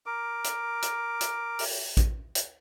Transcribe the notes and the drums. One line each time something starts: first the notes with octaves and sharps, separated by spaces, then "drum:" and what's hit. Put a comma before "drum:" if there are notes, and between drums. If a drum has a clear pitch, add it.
A#4 D6
drum: hi-hat
drum: hi-hat
drum: hi-hat
drum: open hi-hat
drum: kick A1, hi-hat
drum: hi-hat